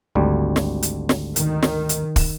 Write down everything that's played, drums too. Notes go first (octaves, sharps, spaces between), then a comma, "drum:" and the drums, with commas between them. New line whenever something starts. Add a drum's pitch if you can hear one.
G#1 D2 G3
drum: snare
drum: hi-hat
drum: snare
D#3, drum: hi-hat
drum: snare
drum: hi-hat
drum: kick, open hi-hat